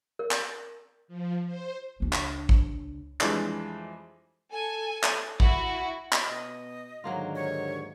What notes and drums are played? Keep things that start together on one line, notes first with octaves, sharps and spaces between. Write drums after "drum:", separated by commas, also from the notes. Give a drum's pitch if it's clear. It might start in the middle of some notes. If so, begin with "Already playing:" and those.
A#4
drum: clap
F3
C5
C#2 D4
drum: clap
drum: kick A1
F2 E3 G3 G#3 D4, drum: clap
A4 G#5
drum: clap
E4 F#4, drum: kick A1
drum: clap
B2 D#5
D#2 G#2 D3 D#3 F#3 A#3 F4
C#5